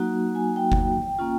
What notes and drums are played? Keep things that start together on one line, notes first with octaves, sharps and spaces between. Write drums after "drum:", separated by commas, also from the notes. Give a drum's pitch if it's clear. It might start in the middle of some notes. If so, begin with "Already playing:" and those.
Already playing: F#3 A#3 D#4 F#4
G#5
G5
drum: kick G1
A#3 C#4 F4